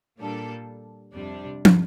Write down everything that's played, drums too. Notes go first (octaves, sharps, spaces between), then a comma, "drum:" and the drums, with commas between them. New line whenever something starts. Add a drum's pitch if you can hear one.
A#2 G3 A#3 D4 A4
F2 C3 G3 D4
drum: tom